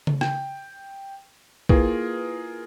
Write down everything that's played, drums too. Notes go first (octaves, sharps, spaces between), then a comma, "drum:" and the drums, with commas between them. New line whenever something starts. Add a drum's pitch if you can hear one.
drum: tom C#3
G5, drum: rim click
A#3 E4 F4 G#4 A#4 B4, drum: kick